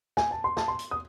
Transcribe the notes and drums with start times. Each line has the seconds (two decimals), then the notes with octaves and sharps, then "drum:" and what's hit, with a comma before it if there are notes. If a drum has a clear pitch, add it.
0.17 G#5, drum: snare
0.31 A5
0.44 C6
0.57 A5, drum: snare
0.68 C6
0.79 drum: hi-hat
0.91 D#6